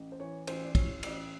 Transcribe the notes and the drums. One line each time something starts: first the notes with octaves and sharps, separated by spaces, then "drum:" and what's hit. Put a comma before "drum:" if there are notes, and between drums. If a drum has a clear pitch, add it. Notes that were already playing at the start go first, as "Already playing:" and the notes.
Already playing: A1
C5
E3 C#5
A1 C5, drum: cymbal
D5
A2 C#5, drum: kick, cymbal
A1 D5, drum: cymbal